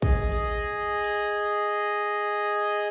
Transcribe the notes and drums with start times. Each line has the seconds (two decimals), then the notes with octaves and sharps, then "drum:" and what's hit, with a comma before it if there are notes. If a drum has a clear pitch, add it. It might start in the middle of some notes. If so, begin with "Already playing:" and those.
0.02 G#4 D#5, drum: kick
0.32 drum: open hi-hat
1.04 drum: hi-hat